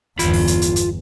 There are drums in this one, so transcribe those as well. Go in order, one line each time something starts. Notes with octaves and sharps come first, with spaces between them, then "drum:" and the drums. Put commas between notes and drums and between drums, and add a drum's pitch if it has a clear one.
G1 E2 F4 B5, drum: hi-hat
drum: open hi-hat
drum: hi-hat
drum: hi-hat
drum: hi-hat